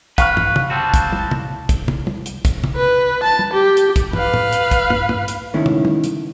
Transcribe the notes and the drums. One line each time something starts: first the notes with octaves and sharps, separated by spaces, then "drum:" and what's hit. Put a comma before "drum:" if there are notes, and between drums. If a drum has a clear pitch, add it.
B4 F5 C#6 F6, drum: kick, hi-hat
drum: tom
drum: tom
G3 C4 F#4 A5
drum: kick, hi-hat
drum: tom
drum: tom
drum: kick, hi-hat
drum: tom
drum: tom
drum: hi-hat
drum: kick, hi-hat
drum: tom
B4
A5
drum: tom
G4
drum: hi-hat
drum: kick, hi-hat
B4 F5, drum: tom
drum: tom
drum: hi-hat
drum: kick, hi-hat
drum: tom
drum: tom
drum: hi-hat
C#2 D#3 A3 C#4 E4
drum: tom
drum: tom
drum: hi-hat